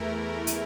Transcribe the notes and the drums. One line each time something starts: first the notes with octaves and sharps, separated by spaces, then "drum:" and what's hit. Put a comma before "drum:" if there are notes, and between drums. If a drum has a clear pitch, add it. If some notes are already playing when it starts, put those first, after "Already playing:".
Already playing: E2 E3 A3 E4 A#4
E3 A3 E4 A#4, drum: hi-hat